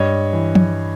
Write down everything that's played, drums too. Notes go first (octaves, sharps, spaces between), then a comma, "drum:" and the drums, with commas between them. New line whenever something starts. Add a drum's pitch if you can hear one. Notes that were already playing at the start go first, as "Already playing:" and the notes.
Already playing: G2 C#5 D#5
E3
drum: tom F3